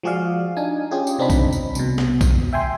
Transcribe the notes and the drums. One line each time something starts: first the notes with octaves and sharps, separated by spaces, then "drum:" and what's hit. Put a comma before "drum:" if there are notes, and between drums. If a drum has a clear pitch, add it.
F3 G#3 F#4 G#4 D5 F5
D4 D#4 G#5
C#4 F4 G4 G#4
drum: tambourine
C3 C4 D4 D#4 B5
drum: kick A#1, tambourine
drum: tambourine
C2 B2, drum: tambourine
drum: snare
drum: kick A#1, tambourine
E5 G5 G#5 C6